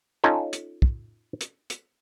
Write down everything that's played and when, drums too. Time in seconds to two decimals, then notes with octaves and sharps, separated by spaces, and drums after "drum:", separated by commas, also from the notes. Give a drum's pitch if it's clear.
0.24 C#4 D#4 F4 A4
0.53 drum: hi-hat
0.82 drum: kick
1.41 drum: hi-hat
1.70 drum: hi-hat